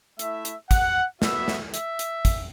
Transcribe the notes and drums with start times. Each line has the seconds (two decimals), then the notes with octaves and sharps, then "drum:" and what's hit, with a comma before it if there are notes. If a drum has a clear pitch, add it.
0.19 A3 E4 E5, drum: hi-hat
0.45 drum: hi-hat
0.71 F#5, drum: kick, hi-hat
1.22 B3 F#4 E5, drum: snare
1.48 drum: snare
1.74 E5, drum: hi-hat
1.99 drum: hi-hat
2.25 drum: kick, hi-hat